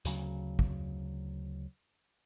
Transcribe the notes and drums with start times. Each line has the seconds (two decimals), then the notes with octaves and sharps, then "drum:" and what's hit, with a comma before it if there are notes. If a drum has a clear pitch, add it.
0.05 D2 C#3 F#3, drum: hi-hat
0.59 drum: kick